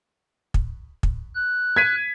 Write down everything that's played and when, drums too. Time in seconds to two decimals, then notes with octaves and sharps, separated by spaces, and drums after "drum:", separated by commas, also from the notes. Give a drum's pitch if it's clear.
0.54 drum: kick
1.03 drum: kick
1.35 F#6
1.76 G#6 B6 D#7